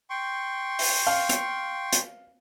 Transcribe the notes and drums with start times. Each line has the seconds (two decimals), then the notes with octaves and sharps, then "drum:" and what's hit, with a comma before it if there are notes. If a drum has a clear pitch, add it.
0.10 G5 C6 C#6
0.79 drum: open hi-hat
1.07 F5
1.29 drum: hi-hat
1.93 drum: hi-hat